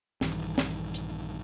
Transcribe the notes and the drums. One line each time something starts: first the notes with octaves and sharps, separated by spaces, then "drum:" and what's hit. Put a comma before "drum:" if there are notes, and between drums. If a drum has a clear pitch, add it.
A#1 G2 D#3 E3, drum: snare
drum: snare
drum: hi-hat